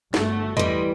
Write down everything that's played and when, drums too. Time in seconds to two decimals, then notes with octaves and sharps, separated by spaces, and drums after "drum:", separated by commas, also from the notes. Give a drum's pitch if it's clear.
0.14 G1 A3 F#4, drum: snare
0.57 E3 G3 D#5 C6 D7, drum: tom E2